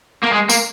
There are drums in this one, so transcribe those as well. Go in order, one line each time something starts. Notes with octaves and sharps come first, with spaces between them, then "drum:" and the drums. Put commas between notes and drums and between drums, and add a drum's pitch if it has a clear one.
A#3
G#3
A#3, drum: tambourine